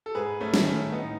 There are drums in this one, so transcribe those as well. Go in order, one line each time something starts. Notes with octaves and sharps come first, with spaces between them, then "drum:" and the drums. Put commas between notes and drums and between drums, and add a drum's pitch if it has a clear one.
A4
G#2 G#4 B4
A3 C#4
D#3, drum: snare
A3 C#4
A2 B3 D#4